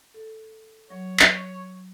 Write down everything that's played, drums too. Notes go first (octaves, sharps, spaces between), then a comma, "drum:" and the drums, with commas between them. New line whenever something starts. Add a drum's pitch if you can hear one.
A4
F#3 C#5
drum: clap